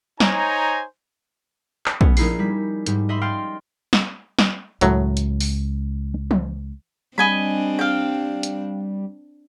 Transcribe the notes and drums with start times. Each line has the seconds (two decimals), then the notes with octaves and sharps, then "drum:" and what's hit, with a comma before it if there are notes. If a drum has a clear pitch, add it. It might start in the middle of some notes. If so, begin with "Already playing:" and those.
0.20 D#4 C5 C#5 G#5 A#5, drum: snare
1.86 drum: clap
2.01 A3 B3 C#4, drum: kick
2.17 A#1 C#4 D#4 E4 G#4 C7, drum: open hi-hat
2.39 G3 B6
2.86 G#2 G3, drum: hi-hat
3.09 D#5 E5 B5 C6
3.21 D#5 F5 G5 C6 F6 A6
3.93 drum: snare
4.39 drum: snare
4.81 C#2 F#2 A2 F#3, drum: hi-hat
5.17 drum: hi-hat
5.40 drum: open hi-hat
6.31 drum: tom
7.18 G3 C4 D4 D#5 G#5 B5
7.79 F5 G5
8.43 drum: hi-hat